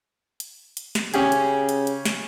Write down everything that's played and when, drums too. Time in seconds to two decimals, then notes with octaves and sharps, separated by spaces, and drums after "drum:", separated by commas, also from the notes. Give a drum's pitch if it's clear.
0.40 drum: hi-hat
0.77 drum: hi-hat
0.95 drum: snare
1.14 C#3 C#4 G4 G#4, drum: hi-hat
1.32 drum: hi-hat
1.69 drum: hi-hat
1.87 drum: hi-hat
2.05 drum: snare